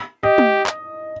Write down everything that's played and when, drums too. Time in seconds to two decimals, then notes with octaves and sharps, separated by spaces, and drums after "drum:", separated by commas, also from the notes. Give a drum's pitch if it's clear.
0.23 G4 D#5
0.38 drum: tom
0.67 drum: clap